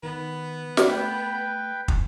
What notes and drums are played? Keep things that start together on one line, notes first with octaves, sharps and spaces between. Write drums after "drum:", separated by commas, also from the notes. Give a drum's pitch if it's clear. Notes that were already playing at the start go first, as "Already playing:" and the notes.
D#3 B3
drum: snare
A3 B4 G5
drum: kick